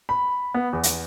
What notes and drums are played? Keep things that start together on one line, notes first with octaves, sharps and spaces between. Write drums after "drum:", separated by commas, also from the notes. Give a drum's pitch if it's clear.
B5
B3
E2
drum: hi-hat